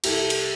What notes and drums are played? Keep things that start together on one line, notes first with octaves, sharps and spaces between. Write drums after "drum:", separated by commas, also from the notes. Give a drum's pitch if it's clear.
C2 G4 A4, drum: cymbal
drum: cymbal